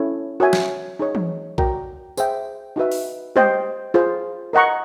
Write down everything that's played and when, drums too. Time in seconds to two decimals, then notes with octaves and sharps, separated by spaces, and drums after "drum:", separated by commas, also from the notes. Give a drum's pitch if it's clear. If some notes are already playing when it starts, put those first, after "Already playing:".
Already playing: C#4 E4 A4 C#5
0.40 F#4 A#4 C#5 E5 G#5
0.53 drum: snare
0.99 D#4 G#4 C#5
1.15 drum: tom E3
1.58 F#4 A#4 D5 G5 A#5, drum: kick A#1
2.17 G#4 C5 E5 G5, drum: tambourine
2.76 D#4 F#4 B4 E5
2.92 drum: open hi-hat
3.36 G4 C5 D#5 G5, drum: tom G3
3.94 F4 G#4 C5
4.53 A#4 D#5 F#5 A#5 C#6